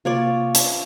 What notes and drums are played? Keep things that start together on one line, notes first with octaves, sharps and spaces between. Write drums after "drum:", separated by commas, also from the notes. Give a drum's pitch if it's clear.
C3 A#3 F4 C#5 D5
drum: hi-hat